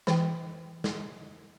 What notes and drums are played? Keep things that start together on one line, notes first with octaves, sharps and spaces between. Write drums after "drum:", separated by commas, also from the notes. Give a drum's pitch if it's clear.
E3 G5, drum: snare
drum: snare